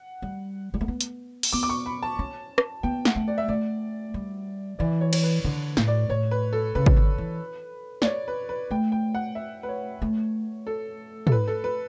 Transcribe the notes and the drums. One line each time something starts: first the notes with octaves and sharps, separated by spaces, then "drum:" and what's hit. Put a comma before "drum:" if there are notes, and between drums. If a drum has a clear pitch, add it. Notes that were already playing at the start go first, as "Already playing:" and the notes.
Already playing: F#5
G3
G3
A3
B3
drum: hi-hat
drum: open hi-hat
B3 D6
D6
C#6
B5
A5
C#4
drum: rim click
B3 G5
F#5, drum: snare
A3
D5
E5
A3 D5
G3
E3 D5
C#5
C#5, drum: cymbal
B4
D3
A2, drum: snare
D5
A2 C#5
B4
A4
C#3 B4
drum: kick
D3
E3
D5, drum: snare
C#5
B4
B4
A3 G5
G5
F#5
E5
B4
C#5
A3
A4
A4, drum: tom
B4
A4
B4